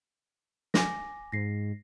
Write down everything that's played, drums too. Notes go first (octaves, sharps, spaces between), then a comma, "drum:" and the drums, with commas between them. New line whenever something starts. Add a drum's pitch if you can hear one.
G#5 D6 A#6, drum: snare
G#2 A#6 C7